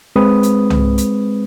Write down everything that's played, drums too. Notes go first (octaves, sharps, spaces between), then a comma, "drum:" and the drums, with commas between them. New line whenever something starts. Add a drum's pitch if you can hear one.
G#3 C4 B4 D#6
drum: hi-hat
drum: tom C2
drum: hi-hat